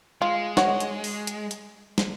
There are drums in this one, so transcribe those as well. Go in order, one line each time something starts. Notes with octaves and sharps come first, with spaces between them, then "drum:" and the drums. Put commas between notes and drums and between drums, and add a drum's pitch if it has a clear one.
G#3 F4
F#4 C#5, drum: snare
drum: hi-hat
drum: open hi-hat
drum: hi-hat
drum: hi-hat
drum: snare